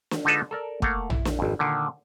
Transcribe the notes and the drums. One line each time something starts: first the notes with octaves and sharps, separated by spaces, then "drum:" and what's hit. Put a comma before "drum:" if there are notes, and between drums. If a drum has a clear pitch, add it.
drum: snare
D3 G#3 D#4 F4 A4 B4
A4 A#4 D5
A3 A#3 F5 F#5, drum: kick
E4, drum: tom A#1
drum: snare
G#1 F2
A#2 D3 D#3